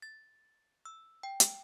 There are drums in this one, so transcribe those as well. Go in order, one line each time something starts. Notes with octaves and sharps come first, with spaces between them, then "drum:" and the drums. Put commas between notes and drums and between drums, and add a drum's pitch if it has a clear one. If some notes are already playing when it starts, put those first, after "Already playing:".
A6
E6
G5
drum: hi-hat